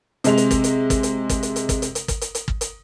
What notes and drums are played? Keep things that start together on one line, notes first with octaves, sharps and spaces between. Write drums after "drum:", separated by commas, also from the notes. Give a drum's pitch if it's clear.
C3 G#3 F7, drum: hi-hat
drum: hi-hat
drum: kick, hi-hat
drum: hi-hat
drum: kick, hi-hat
drum: hi-hat
drum: kick, hi-hat
drum: hi-hat
drum: hi-hat
drum: kick, hi-hat
drum: hi-hat
drum: hi-hat
drum: kick, hi-hat
drum: hi-hat
drum: hi-hat
drum: kick
drum: hi-hat